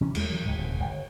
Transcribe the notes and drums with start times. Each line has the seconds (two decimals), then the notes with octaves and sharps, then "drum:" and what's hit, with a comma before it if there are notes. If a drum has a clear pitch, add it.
0.01 C3 E3 C#4
0.15 E2 E3 G#3 A3, drum: cymbal
0.30 D#3 E3 F#3
0.45 C#2 G#2
0.58 D#1 D2 C3 D#3
0.80 G1